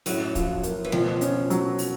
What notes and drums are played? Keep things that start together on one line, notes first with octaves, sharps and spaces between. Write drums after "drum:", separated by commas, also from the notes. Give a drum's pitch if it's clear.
F#2 A2 F#3, drum: open hi-hat
F3, drum: kick, hi-hat
A#3, drum: hi-hat
E3
F2 B2 F3, drum: snare A3
C#4, drum: hi-hat
F#3, drum: hi-hat
drum: open hi-hat